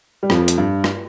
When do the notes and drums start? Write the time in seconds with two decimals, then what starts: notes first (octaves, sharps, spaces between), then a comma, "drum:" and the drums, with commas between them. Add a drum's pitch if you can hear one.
0.23 G3
0.30 F2 F3, drum: rim click
0.48 drum: hi-hat
0.58 G2
0.84 drum: rim click